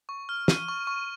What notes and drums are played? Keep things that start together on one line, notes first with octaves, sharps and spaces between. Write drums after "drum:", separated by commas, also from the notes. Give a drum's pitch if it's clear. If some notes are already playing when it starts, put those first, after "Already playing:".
C#6
F6
D#7, drum: snare
C#6
C#6